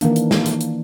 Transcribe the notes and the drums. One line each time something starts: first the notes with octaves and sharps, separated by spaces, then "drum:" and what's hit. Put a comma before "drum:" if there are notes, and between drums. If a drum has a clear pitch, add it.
D#3 E3 A#3 D4, drum: hi-hat
drum: hi-hat
drum: snare
drum: hi-hat
drum: hi-hat